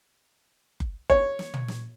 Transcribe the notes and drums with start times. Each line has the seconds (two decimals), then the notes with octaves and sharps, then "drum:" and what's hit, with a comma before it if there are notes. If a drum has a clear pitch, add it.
0.80 drum: kick F#1
1.10 C#5, drum: kick F#1
1.39 drum: snare
1.54 drum: tom
1.68 drum: snare